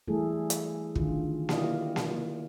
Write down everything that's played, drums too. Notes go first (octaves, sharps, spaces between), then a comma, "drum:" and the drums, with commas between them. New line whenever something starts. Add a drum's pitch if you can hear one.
E3 G3 A3 E4 G#4 A4
drum: hi-hat
D3 D#3 F4, drum: kick
E4 F4 G4 D5 D#5 F5, drum: snare A#3
drum: snare A#3